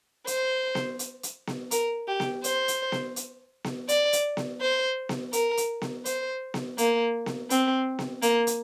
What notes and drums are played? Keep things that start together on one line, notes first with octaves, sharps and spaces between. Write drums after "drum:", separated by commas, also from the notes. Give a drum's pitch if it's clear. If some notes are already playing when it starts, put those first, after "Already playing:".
C5, drum: hi-hat
drum: snare B3
drum: hi-hat
drum: hi-hat
drum: snare B3
A#4, drum: hi-hat
G4
drum: snare B3
C5, drum: hi-hat
drum: hi-hat
drum: snare B3
drum: hi-hat
drum: snare B3
D5, drum: hi-hat
drum: hi-hat
drum: snare B3
C5
drum: snare B3
A#4, drum: hi-hat
drum: hi-hat
drum: snare B3
C5, drum: hi-hat
drum: snare B3
A#3, drum: hi-hat
drum: snare B3
C4, drum: hi-hat
drum: snare B3
A#3, drum: hi-hat
drum: hi-hat